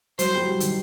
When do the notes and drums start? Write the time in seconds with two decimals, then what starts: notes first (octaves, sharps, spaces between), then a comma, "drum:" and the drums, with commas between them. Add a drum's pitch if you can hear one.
0.19 F#3 C5, drum: hi-hat
0.35 G3
0.40 F#3
0.60 D#3, drum: hi-hat